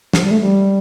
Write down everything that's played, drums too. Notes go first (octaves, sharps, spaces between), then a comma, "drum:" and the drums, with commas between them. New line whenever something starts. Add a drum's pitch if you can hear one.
F3, drum: snare
G3
A3
G3